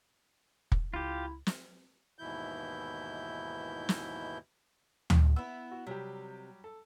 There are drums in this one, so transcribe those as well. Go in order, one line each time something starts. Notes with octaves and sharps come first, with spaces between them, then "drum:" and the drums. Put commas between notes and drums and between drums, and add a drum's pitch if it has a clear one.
drum: kick
C#2 E4 F4 G4
drum: snare
D#2 G#2 B2 E3 E4 G6
drum: snare
drum: tom
B3 E4 E6
F#4
C3 F#3 G3 G4
A4